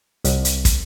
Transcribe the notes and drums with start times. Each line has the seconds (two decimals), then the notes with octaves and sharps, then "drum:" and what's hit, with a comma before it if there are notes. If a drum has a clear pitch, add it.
0.25 C2, drum: hi-hat
0.45 drum: hi-hat
0.65 drum: kick, hi-hat